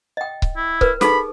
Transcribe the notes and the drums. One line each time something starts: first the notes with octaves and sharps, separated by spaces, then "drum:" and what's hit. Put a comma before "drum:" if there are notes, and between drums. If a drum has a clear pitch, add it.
D#5 G5
drum: kick C#1
E4
A#4 B4, drum: kick C#1
D#4 G#4 A4 B5, drum: snare